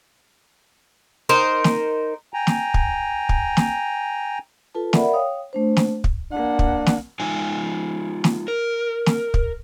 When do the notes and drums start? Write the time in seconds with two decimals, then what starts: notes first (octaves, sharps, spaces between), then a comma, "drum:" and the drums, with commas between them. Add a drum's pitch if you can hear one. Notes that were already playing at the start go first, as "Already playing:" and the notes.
1.29 D#4 A#4 C5
1.64 drum: snare
2.34 G5 G#5 A#5
2.47 drum: snare
2.74 drum: kick
3.29 drum: kick
3.57 drum: snare
4.75 F4 A4 B4 A5
4.93 A#4 D5 E5 F#5 B5, drum: snare
5.14 C#5 F5 G5 D#6
5.53 A3 D4 C5
5.77 drum: snare
6.04 drum: kick
6.32 A#3 D4 F#5
6.59 drum: kick
6.86 drum: snare
7.20 G#3 D#4 F4 G#5
8.24 drum: snare
8.48 A#4
9.06 drum: snare
9.34 drum: kick